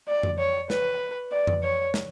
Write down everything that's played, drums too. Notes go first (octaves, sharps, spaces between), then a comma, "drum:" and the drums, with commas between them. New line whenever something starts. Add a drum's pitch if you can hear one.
D5
drum: tom F2
C#5
B4, drum: snare
D5
drum: tom F2
C#5
drum: snare